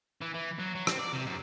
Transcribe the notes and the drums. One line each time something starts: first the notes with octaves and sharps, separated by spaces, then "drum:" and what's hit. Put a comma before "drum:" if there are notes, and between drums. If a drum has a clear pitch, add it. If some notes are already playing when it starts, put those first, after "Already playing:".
E3
E3
F#3
F#3
C4, drum: rim click
D5
C3
F#2